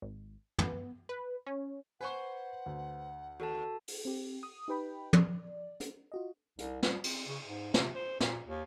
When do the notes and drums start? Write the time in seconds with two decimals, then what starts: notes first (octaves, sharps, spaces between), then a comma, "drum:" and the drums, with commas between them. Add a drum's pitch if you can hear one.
0.02 G#1
0.58 B3, drum: tom
1.09 B4
1.46 C#4
2.01 B4 C5 F#5 G#5 C#6
2.66 D2
3.40 D#2 F#4 A4 A5
3.88 drum: open hi-hat
4.05 C4 G4
4.43 D#6
4.68 D#4 G4 B4 G5 B5
5.13 D5, drum: tom
5.80 drum: hi-hat
6.12 F4 F#4 D#5
6.59 C2, drum: hi-hat
6.83 G3, drum: snare
7.04 C4, drum: cymbal
7.27 C#3
7.44 G#2
7.74 C3, drum: snare
7.95 C5
8.20 A#2, drum: snare
8.46 D#2